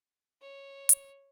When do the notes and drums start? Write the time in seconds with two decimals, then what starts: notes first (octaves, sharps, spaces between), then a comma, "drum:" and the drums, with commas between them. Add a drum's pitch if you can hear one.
0.41 C#5
0.89 drum: hi-hat